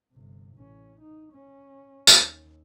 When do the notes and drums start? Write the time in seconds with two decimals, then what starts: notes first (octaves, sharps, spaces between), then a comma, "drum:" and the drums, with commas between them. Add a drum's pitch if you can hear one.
0.12 G1 C3
0.55 A1 C#4
1.01 D#4
1.33 C#4
2.07 drum: tambourine
2.17 D#2